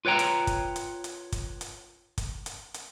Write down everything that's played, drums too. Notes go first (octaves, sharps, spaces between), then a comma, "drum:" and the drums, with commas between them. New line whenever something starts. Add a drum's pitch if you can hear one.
F4 B4 C#5 G5 A#5
drum: hi-hat
drum: kick G1, hi-hat
drum: hi-hat
drum: hi-hat
drum: kick G1, hi-hat
drum: hi-hat
drum: kick G1, hi-hat
drum: hi-hat
drum: hi-hat